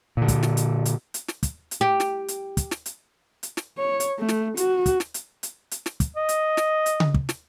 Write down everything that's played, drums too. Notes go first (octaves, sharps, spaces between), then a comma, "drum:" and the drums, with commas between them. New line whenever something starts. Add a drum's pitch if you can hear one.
A#2 D3
drum: kick, hi-hat
drum: snare
drum: hi-hat
drum: hi-hat
drum: hi-hat
drum: snare
drum: kick, hi-hat
drum: hi-hat
G4
drum: snare
drum: hi-hat
drum: kick, hi-hat
drum: snare
drum: hi-hat
drum: hi-hat
drum: snare
C#5
drum: hi-hat
A3
drum: snare
F#4, drum: hi-hat
drum: kick, hi-hat
drum: snare
drum: hi-hat
drum: hi-hat
drum: hi-hat
drum: snare
drum: kick, hi-hat
D#5
drum: hi-hat
drum: snare
drum: hi-hat
drum: tom C#3
drum: kick
drum: snare